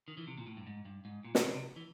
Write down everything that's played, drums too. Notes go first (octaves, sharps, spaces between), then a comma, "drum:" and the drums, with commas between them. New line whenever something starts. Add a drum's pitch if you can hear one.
D#3
E3
C3
A#2
A2
G2
G#2
G2
G#2
A#2
B2, drum: snare
C#3
C3
E3